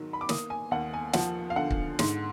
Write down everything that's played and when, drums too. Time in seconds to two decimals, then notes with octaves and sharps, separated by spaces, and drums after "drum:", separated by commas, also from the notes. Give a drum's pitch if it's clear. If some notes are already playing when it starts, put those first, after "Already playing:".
Already playing: G#2 D#3 F#3
0.13 B5
0.21 D6
0.29 A#3 D#6, drum: snare
0.50 G#5
0.71 D#2 F#5
0.93 G#5
1.14 F3 F#5, drum: snare
1.50 F5
1.56 D3 F#5
1.71 drum: kick
1.99 G#2, drum: snare